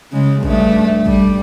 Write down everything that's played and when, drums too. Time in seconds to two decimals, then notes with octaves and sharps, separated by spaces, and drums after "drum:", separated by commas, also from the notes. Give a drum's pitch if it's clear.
0.12 C#3 G#3
0.43 G2 A3, drum: kick
1.06 G3, drum: kick